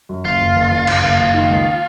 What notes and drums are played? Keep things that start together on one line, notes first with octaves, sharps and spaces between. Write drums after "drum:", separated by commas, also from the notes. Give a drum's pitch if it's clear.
F#2
F#1 F4
F#1
F#1
F#1
F#1, drum: cymbal
F#1
F#1
D#3
C#2